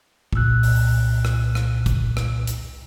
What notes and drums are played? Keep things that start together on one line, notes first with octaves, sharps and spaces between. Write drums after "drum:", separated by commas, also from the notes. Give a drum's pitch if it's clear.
C2 A#2 E6 F#6, drum: kick
drum: open hi-hat
drum: rim click
drum: rim click
drum: kick, hi-hat
drum: rim click
drum: hi-hat